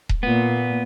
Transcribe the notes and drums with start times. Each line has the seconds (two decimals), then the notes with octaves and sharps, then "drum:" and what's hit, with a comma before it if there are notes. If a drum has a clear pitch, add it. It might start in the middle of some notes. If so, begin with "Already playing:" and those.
0.09 drum: kick D#1
0.23 A#2 B3